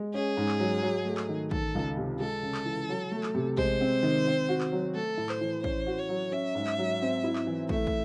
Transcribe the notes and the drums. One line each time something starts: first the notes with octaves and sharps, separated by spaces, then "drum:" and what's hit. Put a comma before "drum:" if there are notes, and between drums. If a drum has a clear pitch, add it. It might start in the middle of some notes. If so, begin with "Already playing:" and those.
Already playing: G#3
C#4 G#4
G#2
drum: clap
F#3
F#3
A3
drum: clap
D#3
D#3 A4, drum: kick
C#2
C3
G#3 A4
C#3
drum: clap
E3
F#3
A3
drum: clap
C3
G#3 C5, drum: kick
C4
D#3
C4
F#4
drum: clap
F#3
A3 A4
A2
C5, drum: clap
E3
C#4 C5, drum: kick
F#4
C#5
F#3
C#4 E5
G#2
drum: clap
F#3
C4
E4
drum: clap
E3
A3 E5, drum: kick
drum: kick